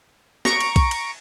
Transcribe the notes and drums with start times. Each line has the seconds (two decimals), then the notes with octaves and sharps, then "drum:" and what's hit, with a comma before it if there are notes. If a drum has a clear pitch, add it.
0.45 A#5 C#6 D7, drum: snare
0.60 drum: cymbal
0.76 drum: kick B1, cymbal
0.91 drum: cymbal